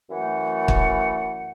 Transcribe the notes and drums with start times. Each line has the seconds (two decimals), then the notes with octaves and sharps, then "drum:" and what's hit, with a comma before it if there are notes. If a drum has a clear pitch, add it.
0.10 F#2 E3 A3 F#5
0.68 drum: kick